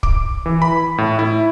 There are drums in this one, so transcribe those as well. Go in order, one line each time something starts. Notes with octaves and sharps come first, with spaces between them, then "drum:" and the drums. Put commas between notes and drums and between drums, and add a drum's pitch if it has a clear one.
D6, drum: kick
E3
B5
A2
E4